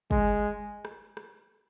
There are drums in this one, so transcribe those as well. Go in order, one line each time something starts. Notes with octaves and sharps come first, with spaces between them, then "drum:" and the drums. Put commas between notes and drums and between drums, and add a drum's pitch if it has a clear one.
G#3, drum: kick
drum: rim click
drum: rim click